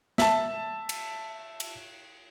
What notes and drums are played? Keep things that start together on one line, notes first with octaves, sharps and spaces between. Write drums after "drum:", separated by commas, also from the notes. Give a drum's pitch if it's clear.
E5 A5, drum: snare
drum: cymbal
drum: cymbal